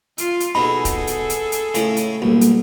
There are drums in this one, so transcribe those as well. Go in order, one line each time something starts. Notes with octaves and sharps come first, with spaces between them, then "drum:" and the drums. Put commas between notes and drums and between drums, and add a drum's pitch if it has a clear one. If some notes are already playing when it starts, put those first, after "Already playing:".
F4, drum: hi-hat
drum: hi-hat
B2 D#4 G#4 A4 B5
drum: kick, hi-hat
drum: hi-hat
drum: hi-hat
drum: hi-hat
A2 C#3, drum: hi-hat
drum: hi-hat
B1 G3 A#3
drum: hi-hat